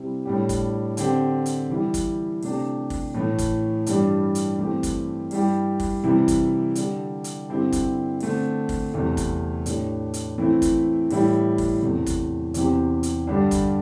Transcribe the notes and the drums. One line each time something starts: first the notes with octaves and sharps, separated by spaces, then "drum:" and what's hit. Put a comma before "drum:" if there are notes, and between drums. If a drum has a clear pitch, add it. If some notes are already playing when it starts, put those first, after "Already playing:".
Already playing: C3 G3 C4 E4 G4
A2 G3 D4 G4
drum: kick, hi-hat
D3 C4 G4, drum: hi-hat
drum: hi-hat
E3 G3 E4 G4
drum: kick, hi-hat
C3 A3 D4 G4, drum: open hi-hat
drum: kick, open hi-hat
A2 E3 A3
drum: kick, hi-hat
G2 E3 G3 D4 G4, drum: hi-hat
drum: hi-hat
G2 E3 A3 C4 G4
drum: kick, hi-hat
G2 G3 E4 G4, drum: open hi-hat
drum: kick, open hi-hat
C3 E3 G3 E4
drum: kick, hi-hat
D3 G3 D4 G4, drum: hi-hat
drum: hi-hat
G2 D3 C4 E4 G4
drum: kick, hi-hat
D3 A3 C4, drum: open hi-hat
drum: kick, open hi-hat
E2 C3 A3 C4 E4
drum: kick, hi-hat
A2 A3 D4 G4, drum: hi-hat
drum: hi-hat
E3 A3 C4 E4
drum: kick, hi-hat
A2 E3 G3 E4 G4, drum: open hi-hat
drum: kick, open hi-hat
E2 C3 E3 A3
drum: kick, hi-hat
E2 C3 E3 C4 G4, drum: hi-hat
drum: hi-hat
G2 D3 G3 D4 G4
drum: kick, hi-hat